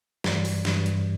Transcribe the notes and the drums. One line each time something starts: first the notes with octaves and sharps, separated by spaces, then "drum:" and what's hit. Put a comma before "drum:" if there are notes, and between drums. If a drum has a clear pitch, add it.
G2 E3 G3 D5, drum: snare
drum: open hi-hat
G2 E3 G3, drum: snare
drum: hi-hat